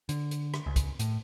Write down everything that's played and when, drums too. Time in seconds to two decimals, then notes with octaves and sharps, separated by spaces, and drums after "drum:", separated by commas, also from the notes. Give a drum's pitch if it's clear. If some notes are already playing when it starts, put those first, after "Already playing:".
0.09 D3, drum: hi-hat
0.31 drum: hi-hat
0.54 drum: rim click
0.66 C#2
0.76 drum: kick, hi-hat
0.99 A2, drum: hi-hat